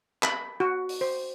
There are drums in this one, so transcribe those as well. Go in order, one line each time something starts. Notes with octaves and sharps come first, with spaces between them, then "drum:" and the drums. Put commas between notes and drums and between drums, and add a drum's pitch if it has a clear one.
B5, drum: clap
F#4
drum: open hi-hat
C5